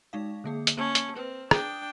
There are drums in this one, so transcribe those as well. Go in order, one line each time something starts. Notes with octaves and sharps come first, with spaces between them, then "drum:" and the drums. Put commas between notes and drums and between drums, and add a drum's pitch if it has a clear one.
G#3 D#4 F5
D3 A#3 G#4
drum: hi-hat
A#3 C#4 A5
drum: hi-hat
C4 B4
D4 G5 D#6, drum: rim click